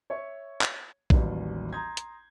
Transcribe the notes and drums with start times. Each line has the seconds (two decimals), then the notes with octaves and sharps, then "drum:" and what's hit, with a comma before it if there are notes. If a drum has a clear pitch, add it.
0.10 C#5 E5 C#6
0.61 drum: clap
1.10 A1 D#2 F#3 G3, drum: kick A#1
1.73 A#5 C6 D#6 G6 G#6
1.97 drum: hi-hat